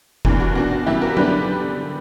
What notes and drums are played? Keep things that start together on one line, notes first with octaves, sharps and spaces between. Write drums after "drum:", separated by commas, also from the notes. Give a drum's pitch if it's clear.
G2 E3 A#3 D4, drum: kick F1
F#4
B2 A#3 D4 F#4
F#4
C#3 E3 G3 A#3 E4 G4
F#4 A#4
D3 G3 B3 D4 G4 B4, drum: tom F#3